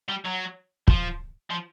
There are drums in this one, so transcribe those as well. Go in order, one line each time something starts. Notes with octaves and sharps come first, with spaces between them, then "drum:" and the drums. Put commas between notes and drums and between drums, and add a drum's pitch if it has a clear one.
G3
F#3
F3, drum: kick
F3